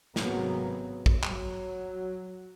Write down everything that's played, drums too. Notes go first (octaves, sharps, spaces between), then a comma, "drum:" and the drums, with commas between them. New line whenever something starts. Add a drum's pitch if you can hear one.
G#1 G#2 C3 F#3 A#3 B3, drum: snare
drum: kick
F#3, drum: clap